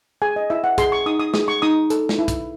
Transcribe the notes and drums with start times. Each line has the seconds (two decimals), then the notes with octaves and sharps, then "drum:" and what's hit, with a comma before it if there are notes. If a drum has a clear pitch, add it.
0.22 G#4 G#5
0.36 D#5
0.50 E4 E5
0.64 F#5
0.78 G#4 C6, drum: kick, hi-hat
0.92 C#6
1.06 D#4 D#6
1.20 D#6
1.34 G#4 D#6, drum: snare
1.48 C#6
1.62 D#4 D#6
1.90 A4, drum: hi-hat
2.09 drum: snare
2.19 E4
2.28 drum: kick, hi-hat